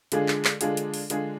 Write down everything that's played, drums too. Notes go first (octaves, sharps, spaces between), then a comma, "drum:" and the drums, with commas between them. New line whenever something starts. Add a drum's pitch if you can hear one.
D3 G#3 D4 F4 G#4, drum: hi-hat
drum: clap
drum: clap
D3 G#3 D4 F4 G#4, drum: hi-hat
drum: hi-hat
drum: open hi-hat
D3 G#3 D4 F4 G#4, drum: hi-hat